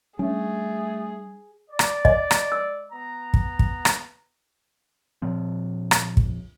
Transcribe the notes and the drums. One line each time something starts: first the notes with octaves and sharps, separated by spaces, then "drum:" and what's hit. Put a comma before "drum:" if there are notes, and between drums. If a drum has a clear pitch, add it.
G3 A3 C#4 D4 G#4
D5
drum: rim click
D#5, drum: kick
drum: rim click
E6
B3 A#5
drum: kick
drum: kick
drum: rim click
A#2 F3 C4
drum: rim click
drum: kick